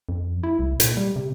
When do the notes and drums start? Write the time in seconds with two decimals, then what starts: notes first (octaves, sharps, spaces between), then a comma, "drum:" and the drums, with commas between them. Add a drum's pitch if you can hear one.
0.09 F2
0.43 E4
0.59 C2
0.80 A#2, drum: hi-hat
0.97 G3
1.16 C3